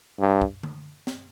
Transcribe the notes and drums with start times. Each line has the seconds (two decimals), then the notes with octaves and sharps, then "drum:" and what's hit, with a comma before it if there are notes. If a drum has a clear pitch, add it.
0.20 G2
0.42 drum: kick
0.63 drum: tom D3
1.07 drum: snare